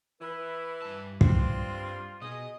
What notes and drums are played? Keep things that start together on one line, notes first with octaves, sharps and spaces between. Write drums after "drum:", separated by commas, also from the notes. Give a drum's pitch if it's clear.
E3 E4 B4
G2 A5
C4 D4 F4, drum: kick
G3
B2 G#4 D#5